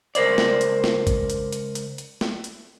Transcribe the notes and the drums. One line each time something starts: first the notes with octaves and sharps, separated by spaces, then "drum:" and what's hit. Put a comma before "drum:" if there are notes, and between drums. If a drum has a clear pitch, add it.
C#2 A#4 C5 D5, drum: hi-hat
drum: snare
drum: hi-hat
drum: snare
drum: kick G#1, hi-hat
drum: hi-hat
drum: hi-hat
drum: hi-hat
drum: hi-hat
drum: snare
drum: hi-hat